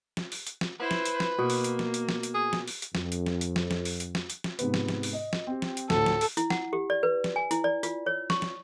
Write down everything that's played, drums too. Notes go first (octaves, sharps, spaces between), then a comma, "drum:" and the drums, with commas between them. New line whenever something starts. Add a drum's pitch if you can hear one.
drum: snare
drum: open hi-hat
drum: hi-hat
drum: snare
E4 B4 C5
drum: snare
drum: hi-hat
drum: snare
B2 A#3
drum: open hi-hat
drum: hi-hat
drum: snare
drum: hi-hat
drum: snare
drum: hi-hat
G#4
drum: snare
drum: open hi-hat
drum: hi-hat
F2, drum: snare
drum: hi-hat
drum: snare
drum: hi-hat
drum: snare
drum: snare
drum: open hi-hat
drum: hi-hat
drum: snare
drum: hi-hat
drum: snare
G#2 C3 B3, drum: hi-hat
drum: snare
drum: snare
drum: open hi-hat
D#5
drum: snare
C4 G4
drum: snare
drum: hi-hat
D2 A2 A4, drum: snare
drum: snare
drum: open hi-hat
E4, drum: hi-hat
F#5, drum: snare
G4
D5
B4
drum: snare
G#5
E4, drum: hi-hat
D5
F4, drum: hi-hat
C#5
C#6, drum: snare
drum: snare